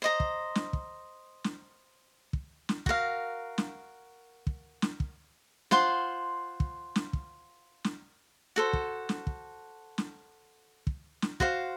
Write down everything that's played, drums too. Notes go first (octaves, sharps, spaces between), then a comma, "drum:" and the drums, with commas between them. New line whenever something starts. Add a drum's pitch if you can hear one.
C5 D#5 A#5
drum: kick
drum: snare
drum: kick
drum: snare
drum: kick
drum: snare
F#4 A#4 F5, drum: kick
drum: snare
drum: kick
drum: snare
drum: kick
F4 C5 F#5 C6, drum: snare
drum: kick
drum: snare
drum: kick
drum: snare
F#4 A4 C5
drum: kick
drum: snare
drum: kick
drum: snare
drum: kick
drum: snare
F#4 C5 F5, drum: kick